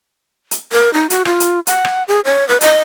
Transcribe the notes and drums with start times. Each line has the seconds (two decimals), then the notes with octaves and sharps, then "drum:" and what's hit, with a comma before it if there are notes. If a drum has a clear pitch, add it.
0.51 drum: hi-hat
0.72 A#4
0.94 D#4
1.10 F#4, drum: hi-hat
1.25 F4, drum: rim click
1.40 drum: hi-hat
1.67 F#5, drum: hi-hat
1.85 drum: rim click
2.08 G#4
2.25 C#5
2.49 B4
2.61 D#5, drum: hi-hat